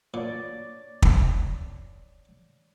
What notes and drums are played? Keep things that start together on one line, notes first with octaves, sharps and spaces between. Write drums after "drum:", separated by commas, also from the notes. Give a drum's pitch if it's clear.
A#2 C#5 D5
drum: kick